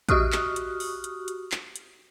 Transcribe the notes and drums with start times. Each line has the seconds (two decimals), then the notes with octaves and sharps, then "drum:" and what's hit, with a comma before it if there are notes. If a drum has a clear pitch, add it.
0.09 F#4 G4 C#6 D#6 F6 F#6, drum: kick, hi-hat
0.32 drum: clap
0.56 drum: hi-hat
0.80 drum: open hi-hat
1.04 drum: hi-hat
1.28 drum: hi-hat
1.52 drum: clap
1.76 drum: hi-hat